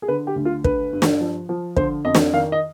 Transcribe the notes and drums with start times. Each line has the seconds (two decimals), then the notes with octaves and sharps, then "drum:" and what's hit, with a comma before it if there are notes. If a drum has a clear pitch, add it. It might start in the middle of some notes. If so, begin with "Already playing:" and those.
0.02 G#4
0.08 D3 B4
0.27 G4
0.36 D2
0.45 F4
0.64 D3 B4, drum: kick
0.93 G2
1.02 drum: snare
1.21 F3
1.49 F3
1.76 D3 C5, drum: kick
2.05 F2 D#5
2.15 drum: snare
2.33 D#3 F5
2.52 D#5